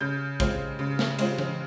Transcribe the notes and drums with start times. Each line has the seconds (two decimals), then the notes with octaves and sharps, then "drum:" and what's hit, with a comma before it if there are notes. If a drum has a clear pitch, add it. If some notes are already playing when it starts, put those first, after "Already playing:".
0.01 C#3 G6
0.40 G#3 C4 F4, drum: kick
0.79 C#3
0.99 drum: snare
1.19 G#3 C4 F4, drum: cymbal
1.38 drum: tom E3